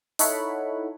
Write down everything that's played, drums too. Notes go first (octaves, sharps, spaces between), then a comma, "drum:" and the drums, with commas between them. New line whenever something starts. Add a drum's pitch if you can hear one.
D#4 E4 A4 C#5 F#5 B5, drum: open hi-hat